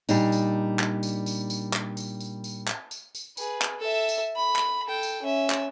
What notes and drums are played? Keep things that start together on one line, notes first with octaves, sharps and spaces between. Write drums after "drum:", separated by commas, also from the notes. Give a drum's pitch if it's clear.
A#2 G3 D4 D#4, drum: tambourine
drum: tambourine
drum: clap
drum: tambourine
drum: tambourine
drum: tambourine
drum: clap
drum: tambourine
drum: tambourine
drum: tambourine
drum: clap
drum: tambourine
drum: tambourine
G#4 B4, drum: tambourine
drum: clap
A4 E5
drum: tambourine
B5
drum: clap
A4 G5
drum: tambourine
C#4 E5
drum: clap